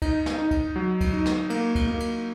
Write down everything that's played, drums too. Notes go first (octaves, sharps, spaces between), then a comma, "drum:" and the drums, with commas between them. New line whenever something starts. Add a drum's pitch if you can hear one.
D#4, drum: kick, cymbal
drum: snare
D#4
drum: kick, cymbal
F#3
drum: kick, cymbal
D#4
drum: snare
A#3, drum: cymbal
drum: kick, cymbal
A#3
drum: cymbal